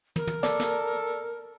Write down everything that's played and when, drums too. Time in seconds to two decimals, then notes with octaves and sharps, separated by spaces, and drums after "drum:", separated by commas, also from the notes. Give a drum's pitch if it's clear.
0.16 A#4, drum: tom
0.27 drum: tom
0.43 A4 D5, drum: snare
0.59 drum: snare